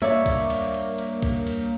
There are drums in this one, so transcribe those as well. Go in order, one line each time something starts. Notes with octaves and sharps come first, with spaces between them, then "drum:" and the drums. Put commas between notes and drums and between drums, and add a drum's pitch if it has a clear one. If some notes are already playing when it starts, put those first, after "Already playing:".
G2 A#3 C#5 D5 E5, drum: cymbal
drum: kick B1, cymbal
drum: cymbal
drum: cymbal
drum: cymbal
drum: kick B1, cymbal
drum: cymbal